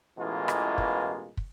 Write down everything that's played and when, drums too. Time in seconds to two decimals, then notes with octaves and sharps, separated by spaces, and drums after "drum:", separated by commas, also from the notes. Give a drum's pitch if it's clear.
0.18 A1 B2 E3 G#3 A#3 F4
0.48 drum: rim click
0.78 drum: kick
1.37 drum: kick